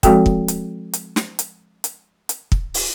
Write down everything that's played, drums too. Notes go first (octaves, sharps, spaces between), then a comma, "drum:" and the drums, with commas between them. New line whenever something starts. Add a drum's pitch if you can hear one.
F3 G#3 C4 F#4 A4 G5, drum: kick, hi-hat
drum: kick
drum: hi-hat
drum: hi-hat
drum: snare
drum: hi-hat
drum: hi-hat
drum: hi-hat
drum: kick
drum: open hi-hat